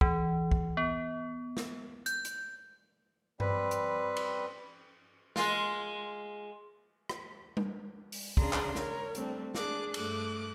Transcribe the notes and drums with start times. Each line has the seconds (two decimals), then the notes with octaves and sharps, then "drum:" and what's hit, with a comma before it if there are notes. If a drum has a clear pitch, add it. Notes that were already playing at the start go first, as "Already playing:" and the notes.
0.01 E3, drum: kick
0.51 drum: kick
0.77 B3
1.57 drum: snare
2.06 G6, drum: hi-hat
2.25 drum: hi-hat
3.40 G3 C4 B4, drum: tom G2
3.71 drum: hi-hat
4.17 drum: cymbal
5.36 G#3 F4, drum: snare
7.09 drum: rim click
7.57 drum: tom G3
8.12 drum: open hi-hat
8.37 C#3 D4 G#4 A#5 C6, drum: kick
8.53 drum: clap
8.75 A#4 C#5, drum: snare
9.15 G3 A3 C4 D4, drum: hi-hat
9.55 D4 G#4 D6 F#6, drum: snare
9.94 G2 A3 D6 F#6, drum: cymbal